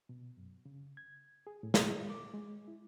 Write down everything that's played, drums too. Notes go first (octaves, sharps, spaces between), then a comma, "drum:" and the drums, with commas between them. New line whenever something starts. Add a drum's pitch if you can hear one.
B2
F#2
C#3
G#6
G#4
A2
drum: snare
A#2
D6
G#3
E4